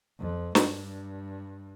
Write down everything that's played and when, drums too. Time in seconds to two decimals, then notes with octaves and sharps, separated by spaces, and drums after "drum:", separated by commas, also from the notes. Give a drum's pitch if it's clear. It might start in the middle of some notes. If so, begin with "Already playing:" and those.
0.19 F2
0.55 G2, drum: snare